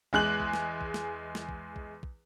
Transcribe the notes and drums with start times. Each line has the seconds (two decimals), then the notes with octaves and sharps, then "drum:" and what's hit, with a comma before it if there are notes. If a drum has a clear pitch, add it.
0.13 E2 G#3 F#6 F#7, drum: kick
0.40 drum: kick
0.54 drum: snare
0.81 drum: kick
0.94 drum: snare
1.35 drum: snare
1.49 drum: kick
1.76 drum: kick
2.03 drum: kick